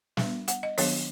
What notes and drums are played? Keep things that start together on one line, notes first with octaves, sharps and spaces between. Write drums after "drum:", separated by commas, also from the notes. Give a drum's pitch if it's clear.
G3 B3 D4, drum: snare
F#5, drum: hi-hat
D#5
D#3 F#3 B3 D4 C#5, drum: open hi-hat